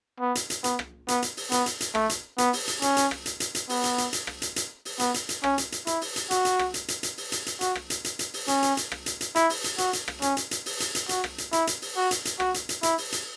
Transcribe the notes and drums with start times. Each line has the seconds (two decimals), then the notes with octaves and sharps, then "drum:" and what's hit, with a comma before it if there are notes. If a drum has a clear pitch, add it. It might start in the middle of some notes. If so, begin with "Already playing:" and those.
0.21 B3
0.35 drum: hi-hat
0.50 drum: hi-hat
0.64 B3, drum: hi-hat
0.79 drum: rim click
1.08 B3, drum: hi-hat
1.22 drum: hi-hat
1.37 drum: open hi-hat
1.52 B3, drum: hi-hat
1.66 drum: hi-hat
1.80 drum: hi-hat
1.95 A3, drum: rim click
2.10 drum: hi-hat
2.38 B3, drum: hi-hat
2.53 drum: open hi-hat
2.68 drum: hi-hat
2.82 C#4, drum: hi-hat
2.97 drum: hi-hat
3.11 drum: rim click
3.26 drum: hi-hat
3.40 drum: hi-hat
3.55 drum: hi-hat
3.69 B3, drum: open hi-hat
3.84 drum: hi-hat
3.98 drum: hi-hat
4.13 drum: hi-hat
4.27 drum: rim click
4.42 drum: hi-hat
4.56 drum: hi-hat
4.85 drum: open hi-hat
5.00 B3, drum: hi-hat
5.14 drum: hi-hat
5.29 drum: hi-hat
5.44 C#4, drum: rim click
5.58 drum: hi-hat
5.72 drum: hi-hat
5.87 E4, drum: hi-hat
6.01 drum: open hi-hat
6.16 drum: hi-hat
6.31 F#4, drum: hi-hat
6.45 drum: hi-hat
6.59 drum: rim click
6.74 drum: hi-hat
6.88 drum: hi-hat
7.03 drum: hi-hat
7.17 drum: open hi-hat
7.32 drum: hi-hat
7.46 drum: hi-hat
7.61 F#4, drum: hi-hat
7.75 drum: rim click
7.90 drum: hi-hat
8.04 drum: hi-hat
8.19 drum: hi-hat
8.34 drum: open hi-hat
8.48 C#4, drum: hi-hat
8.63 drum: hi-hat
8.77 drum: hi-hat
8.92 drum: rim click
9.06 drum: hi-hat
9.21 drum: hi-hat
9.35 E4, drum: hi-hat
9.50 drum: open hi-hat
9.64 drum: hi-hat
9.78 F#4, drum: hi-hat
9.93 drum: hi-hat
10.08 drum: rim click
10.22 C#4, drum: hi-hat
10.37 drum: hi-hat
10.51 drum: hi-hat
10.66 drum: open hi-hat
10.80 drum: hi-hat
10.95 drum: hi-hat
11.09 F#4, drum: hi-hat
11.24 drum: rim click
11.38 drum: hi-hat
11.53 E4, drum: hi-hat
11.67 drum: hi-hat
11.82 drum: open hi-hat
11.97 F#4
12.11 drum: hi-hat
12.25 drum: hi-hat
12.40 F#4, drum: rim click
12.54 drum: hi-hat
12.69 drum: hi-hat
12.83 E4, drum: hi-hat
12.98 drum: open hi-hat
13.12 drum: hi-hat